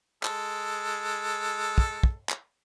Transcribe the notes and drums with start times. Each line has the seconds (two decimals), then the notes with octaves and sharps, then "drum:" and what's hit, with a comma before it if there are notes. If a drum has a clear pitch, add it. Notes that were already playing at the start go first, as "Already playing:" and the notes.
0.23 G#3 A4, drum: clap
1.78 drum: kick
2.03 drum: kick
2.29 drum: clap